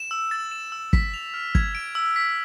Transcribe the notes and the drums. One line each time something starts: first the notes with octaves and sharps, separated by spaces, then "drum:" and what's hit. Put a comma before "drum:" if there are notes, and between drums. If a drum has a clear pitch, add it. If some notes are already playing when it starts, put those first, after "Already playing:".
Already playing: E7
E6
A6
E7
E6
B6, drum: kick
F7
F6
G#6, drum: kick
D7
E6
B6